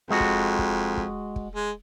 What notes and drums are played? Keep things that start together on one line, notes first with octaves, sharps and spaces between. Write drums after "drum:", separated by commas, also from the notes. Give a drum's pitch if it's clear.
F2 G#3 F#4
drum: kick
drum: kick
drum: kick
drum: kick
G#3